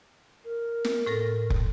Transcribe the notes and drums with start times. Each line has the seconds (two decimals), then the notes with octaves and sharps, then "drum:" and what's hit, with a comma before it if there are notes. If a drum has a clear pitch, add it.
0.45 A#4
0.85 drum: snare
1.06 A2 A4 A#6
1.50 drum: kick